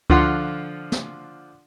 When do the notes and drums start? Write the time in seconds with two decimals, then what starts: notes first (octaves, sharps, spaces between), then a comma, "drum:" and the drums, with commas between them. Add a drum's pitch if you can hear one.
0.10 D3 F3 F4 F#5 C6, drum: kick C#2
0.92 drum: snare